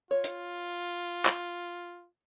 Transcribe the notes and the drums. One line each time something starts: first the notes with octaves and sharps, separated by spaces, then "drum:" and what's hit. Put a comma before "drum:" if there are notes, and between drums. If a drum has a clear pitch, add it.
F4 C#5
drum: hi-hat
drum: clap